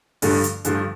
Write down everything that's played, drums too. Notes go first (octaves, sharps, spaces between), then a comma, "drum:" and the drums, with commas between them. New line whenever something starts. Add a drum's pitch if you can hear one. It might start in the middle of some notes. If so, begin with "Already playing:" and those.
G2 D3 F3 A3, drum: open hi-hat
drum: hi-hat
G2 D3 F3 A3, drum: hi-hat